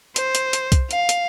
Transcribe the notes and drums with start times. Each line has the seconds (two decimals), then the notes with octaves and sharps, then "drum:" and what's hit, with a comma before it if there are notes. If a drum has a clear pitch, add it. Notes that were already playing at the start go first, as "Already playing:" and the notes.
0.16 C5, drum: hi-hat
0.35 drum: hi-hat
0.53 drum: hi-hat
0.72 drum: kick C2, hi-hat
0.91 F5, drum: hi-hat
1.09 drum: hi-hat